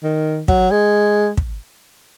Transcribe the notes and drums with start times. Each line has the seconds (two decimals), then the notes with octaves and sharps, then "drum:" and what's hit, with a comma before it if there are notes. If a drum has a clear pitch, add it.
0.03 D#3
0.48 F#3, drum: kick
0.71 G#3
1.37 drum: kick